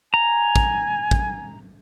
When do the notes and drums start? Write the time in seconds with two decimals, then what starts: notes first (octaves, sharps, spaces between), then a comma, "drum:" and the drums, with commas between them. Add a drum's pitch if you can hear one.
0.14 G#5 A#5
0.56 drum: kick
1.11 drum: kick